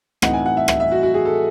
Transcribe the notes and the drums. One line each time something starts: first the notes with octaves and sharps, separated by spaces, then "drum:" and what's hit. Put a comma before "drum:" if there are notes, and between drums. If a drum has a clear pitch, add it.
A2 E3 A3 C4 D#4 F#5, drum: rim click
G#5
F#5
E5
E5, drum: rim click
E5
F#4
F#4
G#4
A4